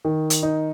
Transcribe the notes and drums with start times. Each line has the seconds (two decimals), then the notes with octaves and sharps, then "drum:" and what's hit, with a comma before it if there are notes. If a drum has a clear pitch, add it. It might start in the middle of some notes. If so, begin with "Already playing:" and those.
0.05 D#3
0.30 drum: hi-hat
0.43 D#4